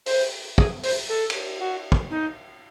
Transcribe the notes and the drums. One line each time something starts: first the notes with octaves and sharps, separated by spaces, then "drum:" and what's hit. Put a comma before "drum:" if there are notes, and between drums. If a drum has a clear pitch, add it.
C5, drum: open hi-hat
G#4, drum: kick
C5, drum: open hi-hat
A4
drum: cymbal
F#4
drum: kick
D#4